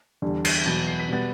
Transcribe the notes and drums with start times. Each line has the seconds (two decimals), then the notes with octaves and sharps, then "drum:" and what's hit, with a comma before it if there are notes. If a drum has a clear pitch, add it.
0.22 E2 D3 G3
0.45 C7, drum: cymbal
0.55 B6
0.65 E2 B2 F#3 B3 A6
0.87 C7
1.00 B6
1.09 B2 G3 B3 A6